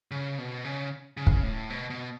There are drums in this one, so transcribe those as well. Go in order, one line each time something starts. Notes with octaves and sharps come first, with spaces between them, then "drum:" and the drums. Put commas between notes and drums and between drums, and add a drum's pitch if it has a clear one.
C#3
B2
C#3
C#3
drum: kick
A2
B2
B2